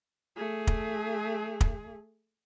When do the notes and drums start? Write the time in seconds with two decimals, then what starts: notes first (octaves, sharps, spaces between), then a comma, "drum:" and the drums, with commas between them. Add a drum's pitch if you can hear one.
0.36 A3 G#4
0.67 drum: kick
1.61 drum: kick